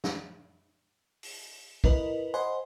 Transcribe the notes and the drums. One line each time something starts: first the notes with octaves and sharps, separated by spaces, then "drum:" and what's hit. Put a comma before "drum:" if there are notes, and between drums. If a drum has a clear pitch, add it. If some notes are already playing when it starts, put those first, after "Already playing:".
drum: snare
drum: open hi-hat
E4 A#4 B4 D#5, drum: kick
C5 D#5 F#5 G#5 B5 C6